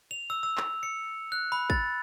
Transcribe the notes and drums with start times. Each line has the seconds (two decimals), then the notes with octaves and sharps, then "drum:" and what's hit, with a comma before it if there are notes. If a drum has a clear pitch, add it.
0.11 F7
0.30 E6
0.43 E6
0.58 drum: clap
0.83 C#7
1.32 F#6
1.52 B5
1.70 A6, drum: kick